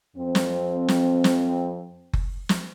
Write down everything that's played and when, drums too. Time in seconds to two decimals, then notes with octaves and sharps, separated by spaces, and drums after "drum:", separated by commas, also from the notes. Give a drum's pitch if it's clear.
0.17 F2 C4
0.35 drum: snare
0.88 drum: snare
1.24 drum: snare
2.13 drum: kick F#1
2.49 drum: snare